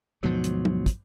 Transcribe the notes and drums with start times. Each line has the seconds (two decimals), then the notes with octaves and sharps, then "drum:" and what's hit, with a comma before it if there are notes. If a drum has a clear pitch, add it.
0.23 D2 G#2 B2 F3 F#3
0.44 drum: hi-hat
0.65 drum: tom
0.86 drum: kick, hi-hat